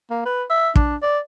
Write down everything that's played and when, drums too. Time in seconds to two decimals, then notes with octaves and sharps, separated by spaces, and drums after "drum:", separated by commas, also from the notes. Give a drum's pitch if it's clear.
0.10 A#3
0.25 B4
0.50 E5
0.76 D4, drum: kick
1.02 D5